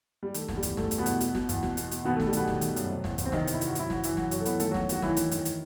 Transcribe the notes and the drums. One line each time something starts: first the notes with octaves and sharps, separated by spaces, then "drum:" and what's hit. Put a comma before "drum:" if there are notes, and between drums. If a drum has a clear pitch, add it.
G3
D#3 A3, drum: hi-hat
E2, drum: snare
G3
E2, drum: hi-hat
E2 A3, drum: snare
E2, drum: hi-hat
B2 B3
E2, drum: hi-hat
B2, drum: hi-hat
B2, drum: snare
E2, drum: hi-hat
B2, drum: snare
B2, drum: hi-hat
B2, drum: hi-hat
B2 D#3 B3
A3
D#3, drum: snare
G3
B2 D#3 B3, drum: hi-hat
D#3, drum: snare
D#3, drum: hi-hat
F#2, drum: hi-hat
C3
E2, drum: snare
E2, drum: hi-hat
C4
C3 D#3 D#4, drum: snare
C3, drum: hi-hat
E4
C3, drum: hi-hat
F#4
F#2 E4, drum: hi-hat
E3 F#4, drum: snare
F#2 E3 E4, drum: hi-hat
F#2 F#3 F#4, drum: snare
F#2 F#3 F#4, drum: hi-hat
A4
E3 B3 B4, drum: hi-hat
D#3 A3 A4, drum: hi-hat
F#3 F#4
E2, drum: snare
D#3 F#3 F#4, drum: hi-hat
D#3 E3 E4, drum: snare
D#3, drum: hi-hat
D#3, drum: hi-hat
drum: hi-hat